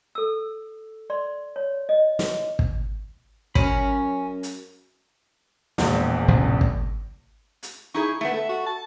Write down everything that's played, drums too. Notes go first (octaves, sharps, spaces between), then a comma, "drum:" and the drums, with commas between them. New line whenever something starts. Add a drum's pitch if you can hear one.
A4 E6
D5 C6
C#5
D#5
drum: snare
drum: kick
F#2 C#4 A#4 B5, drum: kick
drum: hi-hat
E1 A#1 E2, drum: snare
A1 C3 F3
drum: kick
drum: hi-hat
D#4 E4 G#4 C#6
A3 B3 E5
A4
F#4
A5